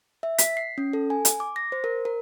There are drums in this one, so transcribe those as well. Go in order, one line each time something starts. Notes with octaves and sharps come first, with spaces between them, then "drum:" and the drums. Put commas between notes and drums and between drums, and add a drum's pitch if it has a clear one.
E5
B6, drum: hi-hat
C7
C#4
A4
G#5
drum: hi-hat
D6
A#6
C5
A#4
A#4